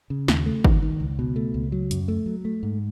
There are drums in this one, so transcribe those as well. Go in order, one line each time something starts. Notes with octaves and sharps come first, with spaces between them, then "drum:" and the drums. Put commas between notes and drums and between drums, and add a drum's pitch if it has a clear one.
C#3
D#2, drum: snare
A3
D#3, drum: kick
D#3
C#2
B2
A3
C#2
F#3
F#2, drum: hi-hat
A3
F#3
A3
G#2